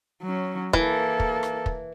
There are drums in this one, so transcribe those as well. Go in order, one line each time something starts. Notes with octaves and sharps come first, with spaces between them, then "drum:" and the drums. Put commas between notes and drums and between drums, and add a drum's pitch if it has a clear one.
F#3 C#4
E3 A#3 A4, drum: kick
drum: kick
drum: rim click
drum: kick